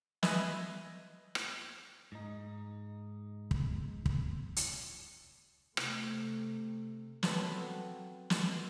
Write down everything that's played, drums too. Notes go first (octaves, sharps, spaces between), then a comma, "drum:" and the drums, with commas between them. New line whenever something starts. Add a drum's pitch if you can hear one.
B4 D#5 E5 G#5, drum: snare
drum: rim click
G#2 D#4
drum: kick
drum: kick
drum: hi-hat
C3 A3, drum: rim click
F#3 B3 C4 F4 A4 B4, drum: snare
drum: snare